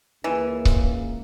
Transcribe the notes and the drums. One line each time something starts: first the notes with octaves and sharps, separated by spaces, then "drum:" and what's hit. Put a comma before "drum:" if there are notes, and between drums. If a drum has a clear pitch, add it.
C#2 E3 A#3
drum: kick C#1